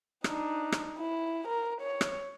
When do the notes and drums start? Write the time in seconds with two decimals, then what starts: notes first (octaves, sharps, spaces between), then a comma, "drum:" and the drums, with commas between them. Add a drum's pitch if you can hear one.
0.24 D4 D#4, drum: rim click
0.72 drum: rim click
0.98 E4
1.48 A#4
1.81 C#5
2.01 drum: rim click